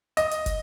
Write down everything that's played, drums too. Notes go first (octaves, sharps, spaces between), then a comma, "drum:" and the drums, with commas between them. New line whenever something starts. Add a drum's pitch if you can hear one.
D#5, drum: hi-hat
drum: hi-hat
drum: kick, hi-hat